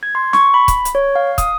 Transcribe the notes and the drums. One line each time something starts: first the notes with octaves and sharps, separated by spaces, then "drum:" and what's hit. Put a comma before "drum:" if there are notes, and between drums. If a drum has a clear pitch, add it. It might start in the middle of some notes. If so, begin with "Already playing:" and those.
G#6
C6
C#6, drum: snare
B5
drum: kick, hi-hat
drum: hi-hat
C#5
F5
D#6, drum: kick, hi-hat